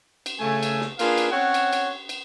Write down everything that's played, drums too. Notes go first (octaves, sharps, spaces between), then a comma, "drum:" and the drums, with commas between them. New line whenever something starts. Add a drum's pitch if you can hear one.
drum: cymbal
C#3 A3 G#5
drum: cymbal
drum: snare
A#3 D4 F4 G#4 B4 F5, drum: cymbal
drum: cymbal
C4 C#4 C#5 F#5
drum: cymbal
drum: cymbal
drum: cymbal